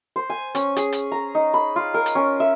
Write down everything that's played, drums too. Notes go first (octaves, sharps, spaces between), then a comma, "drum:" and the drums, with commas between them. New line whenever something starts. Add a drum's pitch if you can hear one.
C5
G#5
C#4, drum: hi-hat
G#4, drum: hi-hat
drum: hi-hat
A#5
D#4
B5
F4
A#4
drum: hi-hat
C#4
E5